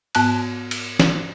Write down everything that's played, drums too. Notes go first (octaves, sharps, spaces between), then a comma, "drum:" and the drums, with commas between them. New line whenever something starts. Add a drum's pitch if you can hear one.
G#2 B3 A5 F#6, drum: cymbal
drum: cymbal
drum: snare